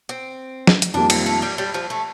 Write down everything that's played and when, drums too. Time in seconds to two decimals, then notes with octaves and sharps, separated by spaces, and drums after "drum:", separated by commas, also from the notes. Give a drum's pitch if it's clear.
0.09 C4
0.67 drum: snare
0.82 drum: hi-hat
0.94 F2 D#3 G3 A#3 D4
1.10 C4, drum: cymbal
1.26 A3
1.42 G3
1.58 G3
1.74 F3
1.90 A3